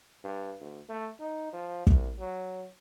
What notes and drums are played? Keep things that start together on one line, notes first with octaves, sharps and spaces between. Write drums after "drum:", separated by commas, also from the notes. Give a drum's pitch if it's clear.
G2
D2
A3
D#4
F3
C2, drum: kick
F#3